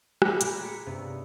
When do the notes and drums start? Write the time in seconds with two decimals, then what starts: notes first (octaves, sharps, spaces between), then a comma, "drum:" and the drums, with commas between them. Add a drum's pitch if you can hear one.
0.22 B5 D6 D#6 G6 A#6 B6, drum: rim click
0.41 A#2 A#4 G#6 D7, drum: hi-hat
0.61 G#3 A#5 B6 C#7
0.86 G2 C3 B3 C#4 D4 E4